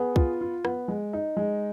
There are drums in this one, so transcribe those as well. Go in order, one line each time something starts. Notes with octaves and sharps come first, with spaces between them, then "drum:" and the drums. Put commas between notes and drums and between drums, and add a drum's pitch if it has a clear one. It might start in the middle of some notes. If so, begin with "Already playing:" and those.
Already playing: B3 G#4
F4, drum: kick
F4
B3, drum: rim click
G#3
D#4
G#3